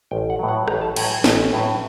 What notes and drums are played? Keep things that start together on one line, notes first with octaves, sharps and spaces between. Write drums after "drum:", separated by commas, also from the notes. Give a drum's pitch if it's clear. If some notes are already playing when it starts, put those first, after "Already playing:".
A1 G5
F#5
A2 F#3
F#5
A1 A#5, drum: rim click
A5
A2 F#3 G5, drum: cymbal
G#5
A1, drum: snare
A2 F#3